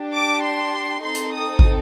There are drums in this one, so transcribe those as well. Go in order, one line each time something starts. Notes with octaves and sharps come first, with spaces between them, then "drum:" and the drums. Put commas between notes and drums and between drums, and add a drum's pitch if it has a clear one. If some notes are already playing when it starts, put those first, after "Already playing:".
Already playing: D4 G4
D6
C6
C4 D#4 A4 C6
drum: hi-hat
D#6
drum: kick